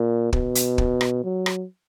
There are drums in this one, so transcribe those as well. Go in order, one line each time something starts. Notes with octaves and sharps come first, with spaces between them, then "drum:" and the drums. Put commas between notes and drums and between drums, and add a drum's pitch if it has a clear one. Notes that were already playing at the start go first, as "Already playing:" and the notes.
Already playing: A#2
B2, drum: kick
drum: hi-hat
drum: kick
drum: rim click
F#3
drum: rim click